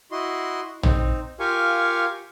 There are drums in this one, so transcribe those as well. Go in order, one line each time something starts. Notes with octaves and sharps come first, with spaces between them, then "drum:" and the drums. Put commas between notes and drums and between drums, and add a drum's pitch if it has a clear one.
E4 F#4 D#5 C6
C4 D#4, drum: tom A#1
F4 G4 A#4 F5 G#5 C#6